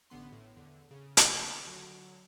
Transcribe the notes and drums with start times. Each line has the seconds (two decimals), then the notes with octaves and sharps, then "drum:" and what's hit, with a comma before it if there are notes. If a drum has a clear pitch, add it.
0.10 A1 D3 B3 C6
0.32 A2
0.56 E2 D3
0.91 C#3
1.17 drum: hi-hat
1.66 D3 F#3